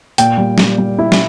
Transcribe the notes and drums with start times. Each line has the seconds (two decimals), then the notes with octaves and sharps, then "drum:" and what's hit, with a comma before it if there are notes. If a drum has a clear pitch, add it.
0.18 A#2 G5, drum: hi-hat
0.38 G3
0.58 G3, drum: snare
0.78 G3
0.99 E4
1.12 drum: snare